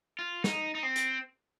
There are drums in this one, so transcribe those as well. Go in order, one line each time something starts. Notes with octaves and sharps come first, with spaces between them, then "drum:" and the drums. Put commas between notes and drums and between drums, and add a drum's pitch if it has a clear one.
F4
D#4, drum: snare
D#4
C4
drum: hi-hat